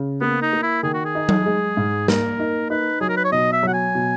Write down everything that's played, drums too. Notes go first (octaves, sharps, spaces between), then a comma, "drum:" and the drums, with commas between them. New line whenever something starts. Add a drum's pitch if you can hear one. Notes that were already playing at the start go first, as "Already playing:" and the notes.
Already playing: C#3
A#3 B3
D#4
A#3
E4
D#3 G#4
F#4
G#4
D#4
drum: tom F#3
G#3
G#2
A#3 A#4, drum: snare
D#4
D#4 B4
F#3 G#4
A#4
B4
C#5
B2 D#5
E5
F#3 F#5
G#5
B2